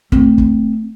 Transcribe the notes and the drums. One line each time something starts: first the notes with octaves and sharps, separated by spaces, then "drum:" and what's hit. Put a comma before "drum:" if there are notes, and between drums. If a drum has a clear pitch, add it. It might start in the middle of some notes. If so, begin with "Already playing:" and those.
A3 C4, drum: kick
drum: kick